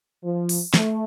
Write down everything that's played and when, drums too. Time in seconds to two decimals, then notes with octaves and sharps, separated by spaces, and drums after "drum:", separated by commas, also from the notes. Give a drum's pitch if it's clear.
0.24 F3
0.49 drum: open hi-hat
0.74 A3, drum: snare